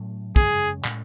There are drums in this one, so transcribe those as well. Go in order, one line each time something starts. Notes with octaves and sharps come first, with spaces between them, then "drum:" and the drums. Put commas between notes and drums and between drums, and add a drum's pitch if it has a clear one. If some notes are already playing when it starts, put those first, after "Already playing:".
Already playing: A2 F#3 A3 C#4
F#2 C#3 G#3 C#4 G#4, drum: kick
A2 G#3 C#4, drum: clap